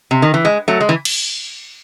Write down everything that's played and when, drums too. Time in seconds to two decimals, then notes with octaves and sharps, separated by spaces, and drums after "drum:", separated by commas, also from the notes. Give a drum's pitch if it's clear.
0.11 C3
0.22 D#3
0.34 E3
0.45 G#3
0.68 F#3 A3
0.81 G#3
0.89 E3
1.05 drum: cymbal